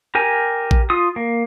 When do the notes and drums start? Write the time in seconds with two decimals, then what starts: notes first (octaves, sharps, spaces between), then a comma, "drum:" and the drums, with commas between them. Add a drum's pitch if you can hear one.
0.15 G4 A#4 G#5
0.71 drum: kick A#1
0.90 F4 D#6
1.16 A#3